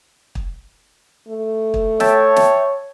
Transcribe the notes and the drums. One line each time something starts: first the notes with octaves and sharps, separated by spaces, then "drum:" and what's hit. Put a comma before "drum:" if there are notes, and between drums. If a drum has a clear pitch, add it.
drum: kick
A3
drum: kick
C#5 E5 G5 A5, drum: snare
drum: snare